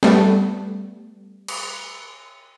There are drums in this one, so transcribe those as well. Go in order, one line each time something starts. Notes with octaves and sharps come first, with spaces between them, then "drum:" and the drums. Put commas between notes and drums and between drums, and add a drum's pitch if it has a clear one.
G3 A3 B3, drum: snare C4
drum: cymbal